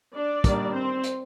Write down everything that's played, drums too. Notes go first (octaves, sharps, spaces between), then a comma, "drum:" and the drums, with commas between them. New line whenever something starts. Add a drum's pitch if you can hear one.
D4 D5
D#3 G3 A#3 D4, drum: kick, hi-hat
C4 C5
drum: hi-hat